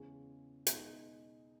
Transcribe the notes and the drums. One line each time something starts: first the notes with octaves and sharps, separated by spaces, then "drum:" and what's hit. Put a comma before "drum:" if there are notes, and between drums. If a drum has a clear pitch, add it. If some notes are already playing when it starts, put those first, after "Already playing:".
Already playing: E2 C#3 G#3 C#4
B2 G#3 D#4, drum: hi-hat